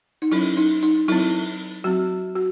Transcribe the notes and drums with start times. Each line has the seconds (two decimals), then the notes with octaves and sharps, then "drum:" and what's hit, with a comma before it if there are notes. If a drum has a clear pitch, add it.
0.22 D#4
0.32 F#3 C#4 E4, drum: open hi-hat
0.57 D#4
0.83 D#4
1.08 F#3 C4 E4, drum: open hi-hat
1.84 F#3 C4 F#4
2.35 F#4